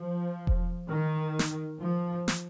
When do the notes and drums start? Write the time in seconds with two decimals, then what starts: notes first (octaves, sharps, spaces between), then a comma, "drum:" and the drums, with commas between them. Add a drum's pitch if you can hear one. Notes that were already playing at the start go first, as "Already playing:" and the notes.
Already playing: F3
0.47 drum: kick E1
0.87 D#3
1.39 drum: snare
1.80 F3
2.28 drum: snare